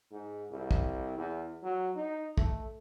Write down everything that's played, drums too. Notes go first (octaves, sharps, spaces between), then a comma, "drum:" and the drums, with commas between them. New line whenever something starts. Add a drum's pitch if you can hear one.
G#2
C2
drum: kick
E2
F#3
D#4
A3, drum: kick